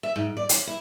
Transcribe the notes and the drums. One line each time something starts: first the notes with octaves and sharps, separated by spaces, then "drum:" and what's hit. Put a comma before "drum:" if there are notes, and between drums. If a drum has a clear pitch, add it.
E5
G#2
D5
C#4, drum: hi-hat
E4